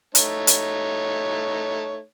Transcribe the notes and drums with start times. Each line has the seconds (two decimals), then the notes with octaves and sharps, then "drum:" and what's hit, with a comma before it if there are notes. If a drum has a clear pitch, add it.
0.15 A3 D#4 C#5, drum: hi-hat
0.47 drum: hi-hat